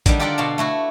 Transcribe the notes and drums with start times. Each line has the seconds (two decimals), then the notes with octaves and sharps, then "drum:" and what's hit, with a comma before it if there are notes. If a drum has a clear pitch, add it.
0.06 D3 D#3 G3, drum: kick A1, hi-hat
0.20 F4 G4 A4 A#4 D5 F#5
0.38 B2 F#4 F5 A5
0.58 A3 E4 F#4